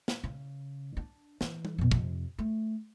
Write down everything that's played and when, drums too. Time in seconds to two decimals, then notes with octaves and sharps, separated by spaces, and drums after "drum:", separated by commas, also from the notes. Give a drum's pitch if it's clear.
0.08 drum: snare
0.24 C#3
0.97 D4
1.41 E3, drum: snare
1.65 drum: tom G3
1.78 F2 B2
1.91 F2 C3, drum: kick
2.38 A3